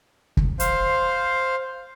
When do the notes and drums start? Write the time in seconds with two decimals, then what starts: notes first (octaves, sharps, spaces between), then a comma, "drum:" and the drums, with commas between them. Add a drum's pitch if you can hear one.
0.37 drum: kick
0.60 C5 F5, drum: hi-hat